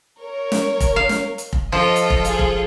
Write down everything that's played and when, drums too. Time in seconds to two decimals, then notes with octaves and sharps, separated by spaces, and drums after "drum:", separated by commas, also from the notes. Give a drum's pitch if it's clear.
0.21 A#4 C#5
0.52 drum: snare
0.80 drum: kick F1, hi-hat
0.96 F5
1.09 drum: snare
1.38 drum: hi-hat
1.53 drum: kick F1
1.72 F3 F4 A4 D#5
1.96 drum: hi-hat
2.10 drum: kick F1
2.25 G#4 C5, drum: hi-hat
2.39 drum: kick F1